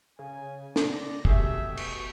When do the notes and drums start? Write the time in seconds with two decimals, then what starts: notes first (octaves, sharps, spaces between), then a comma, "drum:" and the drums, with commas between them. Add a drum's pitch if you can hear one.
0.19 C#3 G#5
0.76 D5 A#6, drum: snare
1.25 B2 A3 G4 G#4 E5, drum: kick
1.77 C#6, drum: cymbal